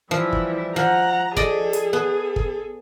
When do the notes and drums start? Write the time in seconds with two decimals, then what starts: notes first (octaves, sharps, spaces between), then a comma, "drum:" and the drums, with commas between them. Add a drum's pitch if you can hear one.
0.11 E3 F3 G3 E4
0.33 drum: kick
0.76 F3 F#5 A#5
1.37 G#4 A4 D5 D#5, drum: kick
1.73 drum: hi-hat
1.93 B3 A4
2.36 drum: kick